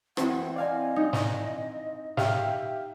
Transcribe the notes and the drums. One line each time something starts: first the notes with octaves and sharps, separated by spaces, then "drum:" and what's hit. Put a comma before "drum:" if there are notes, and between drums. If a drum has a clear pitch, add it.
E3 C4 F#5, drum: rim click
D5 D#5 F5 G#5
D#4
drum: snare
G4 E5 F5 F6, drum: snare